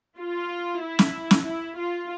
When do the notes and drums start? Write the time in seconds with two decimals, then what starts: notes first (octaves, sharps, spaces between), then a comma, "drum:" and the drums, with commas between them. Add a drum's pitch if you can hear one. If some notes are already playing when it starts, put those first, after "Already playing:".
0.18 F4
0.82 E4
0.99 drum: snare
1.31 drum: snare
1.46 E4
1.78 F4